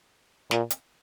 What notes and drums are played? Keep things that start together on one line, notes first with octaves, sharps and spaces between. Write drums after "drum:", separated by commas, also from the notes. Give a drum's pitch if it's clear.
A#2, drum: snare
drum: hi-hat